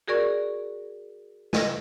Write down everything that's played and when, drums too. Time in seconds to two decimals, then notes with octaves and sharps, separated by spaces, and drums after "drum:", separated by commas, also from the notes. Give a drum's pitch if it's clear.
0.08 F#4 G#4 A#4 D5 C#6
1.53 D#5 A#6, drum: snare